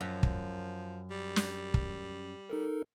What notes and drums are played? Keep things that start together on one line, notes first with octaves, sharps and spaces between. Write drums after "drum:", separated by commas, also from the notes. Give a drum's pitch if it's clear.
F#2 F3
drum: kick
G3
drum: snare
drum: kick
D#4 A4 A#4